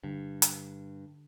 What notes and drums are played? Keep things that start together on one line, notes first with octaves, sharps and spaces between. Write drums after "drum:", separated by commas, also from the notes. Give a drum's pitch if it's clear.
G2 D3
drum: hi-hat